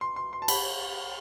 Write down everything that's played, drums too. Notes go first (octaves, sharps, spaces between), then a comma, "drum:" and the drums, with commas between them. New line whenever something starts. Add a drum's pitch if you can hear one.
C6
C6
C6
A5
B5, drum: cymbal